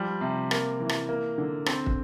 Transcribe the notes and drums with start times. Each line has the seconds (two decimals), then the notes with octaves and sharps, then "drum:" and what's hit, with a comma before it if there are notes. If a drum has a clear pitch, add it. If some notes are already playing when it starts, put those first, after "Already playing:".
Already playing: F3 G3
0.21 C3
0.51 A#3, drum: rim click
0.80 E3
0.89 drum: rim click
1.09 A#3
1.38 D3
1.66 C4, drum: rim click
1.86 drum: kick